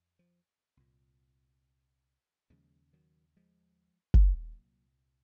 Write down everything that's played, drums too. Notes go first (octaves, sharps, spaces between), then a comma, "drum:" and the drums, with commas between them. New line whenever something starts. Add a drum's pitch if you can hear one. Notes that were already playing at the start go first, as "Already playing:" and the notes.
Already playing: F2
F3
C2 A#2
D#2 C#3 F3 G#3
D#3 F#3
F3 G#3
drum: kick
C2 A#2 F#3 A#3